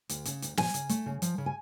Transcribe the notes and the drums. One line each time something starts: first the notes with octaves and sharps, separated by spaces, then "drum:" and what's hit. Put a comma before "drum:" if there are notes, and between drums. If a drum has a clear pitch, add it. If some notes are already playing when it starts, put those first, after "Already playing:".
D2, drum: hi-hat
C#3, drum: hi-hat
D2, drum: hi-hat
F3 G#5, drum: snare
C#3, drum: hi-hat
A3, drum: hi-hat
C#3
F3, drum: hi-hat
C#3
G#5